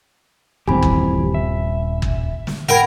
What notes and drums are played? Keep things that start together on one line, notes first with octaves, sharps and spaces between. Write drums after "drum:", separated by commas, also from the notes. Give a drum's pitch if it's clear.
D#1 G2 D#3 E3 C4 G4 G#5 B5
drum: kick G1
E5
drum: kick G1
drum: snare
A#4 F#5 G5 B5 G#6